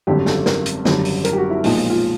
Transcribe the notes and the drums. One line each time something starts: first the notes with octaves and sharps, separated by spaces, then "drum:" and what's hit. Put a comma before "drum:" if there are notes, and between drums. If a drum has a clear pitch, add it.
G#1 F#2 D3 G3 G4
A4, drum: snare
A#4, drum: snare
drum: hi-hat
G#1 F#2 D3 G3, drum: snare
drum: open hi-hat
A#4, drum: hi-hat
G4
F#4
E4
B1 A#2 F3 G#3 D#4, drum: open hi-hat
F4